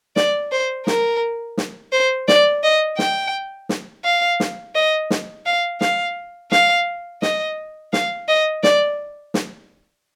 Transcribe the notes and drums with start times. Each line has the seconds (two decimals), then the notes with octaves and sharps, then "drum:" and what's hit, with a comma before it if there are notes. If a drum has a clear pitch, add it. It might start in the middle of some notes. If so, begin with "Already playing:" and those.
0.16 D5, drum: snare
0.52 C5
0.87 A#4, drum: snare
1.57 drum: snare
1.92 C5
2.28 D5, drum: snare
2.64 D#5
2.99 G5, drum: snare
3.69 drum: snare
4.05 F5
4.40 drum: snare
4.75 D#5
5.10 drum: snare
5.46 F5
5.81 F5, drum: snare
6.52 F5, drum: snare
7.22 D#5, drum: snare
7.93 F5, drum: snare
8.28 D#5
8.63 D5, drum: snare
9.34 drum: snare